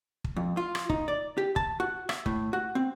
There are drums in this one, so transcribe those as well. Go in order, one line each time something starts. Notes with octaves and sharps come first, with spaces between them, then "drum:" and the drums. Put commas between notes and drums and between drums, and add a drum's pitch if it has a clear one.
drum: kick
F2
F4
drum: rim click
D#4, drum: kick
D5
G4
A5, drum: kick
F#4
E5, drum: rim click
A2, drum: kick
F#4
C4